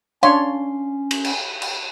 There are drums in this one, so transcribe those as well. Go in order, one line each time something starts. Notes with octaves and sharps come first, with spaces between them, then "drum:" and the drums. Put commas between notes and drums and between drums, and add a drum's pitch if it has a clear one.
C#4 D4 C#5 F5 C6
drum: cymbal
drum: cymbal
drum: cymbal